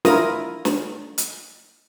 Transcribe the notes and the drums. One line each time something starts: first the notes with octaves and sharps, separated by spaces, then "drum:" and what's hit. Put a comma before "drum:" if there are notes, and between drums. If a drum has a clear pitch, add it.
E4 F4 A#4 A#5 D#6, drum: snare
drum: snare
drum: hi-hat